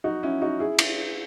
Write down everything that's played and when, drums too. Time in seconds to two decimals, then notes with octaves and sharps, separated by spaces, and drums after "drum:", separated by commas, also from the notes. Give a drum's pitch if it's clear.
0.04 D#4 F#4
0.23 C#4 E4
0.42 D#4 F#4
0.59 E4 G#4
0.79 drum: cymbal